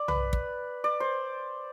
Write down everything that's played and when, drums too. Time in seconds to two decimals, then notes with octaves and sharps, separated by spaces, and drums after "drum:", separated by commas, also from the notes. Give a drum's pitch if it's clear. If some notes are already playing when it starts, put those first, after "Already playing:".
Already playing: D5
0.08 B4, drum: tom
0.33 drum: kick
0.84 D5
1.00 C5